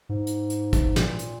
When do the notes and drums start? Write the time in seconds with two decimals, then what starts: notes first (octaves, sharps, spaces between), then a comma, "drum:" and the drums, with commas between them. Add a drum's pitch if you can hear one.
0.09 G#2
0.27 drum: hi-hat
0.50 drum: hi-hat
0.73 drum: kick G#1, hi-hat
0.96 A#2, drum: snare
1.19 drum: hi-hat